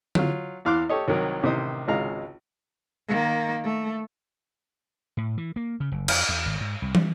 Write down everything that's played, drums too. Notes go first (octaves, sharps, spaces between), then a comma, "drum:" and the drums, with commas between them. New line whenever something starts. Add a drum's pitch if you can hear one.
F#3 F4, drum: tom D3
E2 E3 F5 C6 D6 F#6
G4 A4 C#5 D#5
C2 D#3 F#3 A#4
A1 C3 D#3 C5 D#5 D#6
G#1 C#2 G#3 F5 A#5
D#3 A#3
A3
A2
E3
A#3
C#3
F#1
F2, drum: cymbal
E2
G#1
G#2
C2
G3, drum: tom